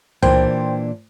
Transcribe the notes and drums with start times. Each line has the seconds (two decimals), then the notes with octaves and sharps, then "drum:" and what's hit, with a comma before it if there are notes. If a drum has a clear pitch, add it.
0.22 A#2 E3 D4 C5 G5, drum: tom C#2